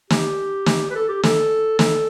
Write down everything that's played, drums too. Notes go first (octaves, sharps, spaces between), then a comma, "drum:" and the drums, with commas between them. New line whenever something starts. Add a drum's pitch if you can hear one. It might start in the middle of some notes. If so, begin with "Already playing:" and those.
G4, drum: snare
drum: snare
B4
A4
G4
A4, drum: snare
A4, drum: snare